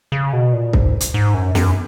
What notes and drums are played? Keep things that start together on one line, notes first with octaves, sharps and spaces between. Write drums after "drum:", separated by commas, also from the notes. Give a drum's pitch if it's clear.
C#3
B2
A#2
G#2, drum: kick C2
drum: hi-hat
G#2
F#2
F#2, drum: snare